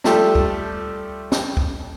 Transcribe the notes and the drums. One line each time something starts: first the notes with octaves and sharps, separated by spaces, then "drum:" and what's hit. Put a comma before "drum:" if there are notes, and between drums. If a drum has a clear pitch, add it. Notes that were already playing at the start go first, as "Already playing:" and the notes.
F3 G3 A3 G4 A4 E5, drum: snare
drum: kick C#2
drum: snare
drum: kick C#2